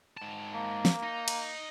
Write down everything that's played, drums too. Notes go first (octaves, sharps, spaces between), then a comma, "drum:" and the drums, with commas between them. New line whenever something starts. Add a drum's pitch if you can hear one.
G#2 A5
A#3
drum: snare
D#4
drum: cymbal